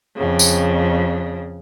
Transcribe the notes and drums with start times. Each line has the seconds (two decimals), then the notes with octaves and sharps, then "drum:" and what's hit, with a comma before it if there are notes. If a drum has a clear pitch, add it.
0.15 F2 C#3
0.39 drum: tambourine